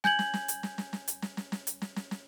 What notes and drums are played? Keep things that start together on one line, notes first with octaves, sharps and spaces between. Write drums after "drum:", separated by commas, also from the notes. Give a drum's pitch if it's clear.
G#5 G6 G#6 F#7, drum: snare
drum: snare
drum: snare
drum: hi-hat
drum: snare
drum: snare
drum: snare
drum: hi-hat
drum: snare
drum: snare
drum: snare
drum: hi-hat
drum: snare
drum: snare
drum: snare